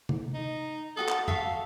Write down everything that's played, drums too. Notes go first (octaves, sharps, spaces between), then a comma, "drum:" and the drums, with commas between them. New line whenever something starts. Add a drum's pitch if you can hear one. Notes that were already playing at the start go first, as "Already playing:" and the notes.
drum: tom C3
D#4
F#4 A4 F#5 D#6
drum: clap
F#4 A4 E5 F5, drum: tom F2